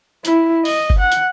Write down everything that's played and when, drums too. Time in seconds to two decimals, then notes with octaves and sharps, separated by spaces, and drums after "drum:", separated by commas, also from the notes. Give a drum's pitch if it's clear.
0.25 E4, drum: hi-hat
0.65 D#5, drum: open hi-hat
0.90 drum: kick F#1
0.99 F#5
1.12 drum: hi-hat